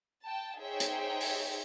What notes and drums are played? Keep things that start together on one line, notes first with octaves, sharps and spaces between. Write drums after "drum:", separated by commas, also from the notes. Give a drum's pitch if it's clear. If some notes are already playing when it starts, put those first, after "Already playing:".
G5 A5
D#4 G#4 C5 C#5 E5 G5
drum: hi-hat
drum: open hi-hat